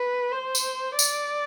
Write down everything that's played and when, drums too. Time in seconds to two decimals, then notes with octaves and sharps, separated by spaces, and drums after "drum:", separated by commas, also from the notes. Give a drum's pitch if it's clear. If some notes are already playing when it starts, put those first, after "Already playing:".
Already playing: B4
0.32 C5
0.55 drum: tambourine
0.99 D5, drum: tambourine